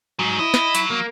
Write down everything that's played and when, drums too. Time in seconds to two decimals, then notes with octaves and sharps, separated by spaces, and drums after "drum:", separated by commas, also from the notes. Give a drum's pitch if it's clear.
0.19 G#2 F#3
0.39 E4 D#5
0.54 drum: snare
0.75 F#3, drum: hi-hat
0.90 A#3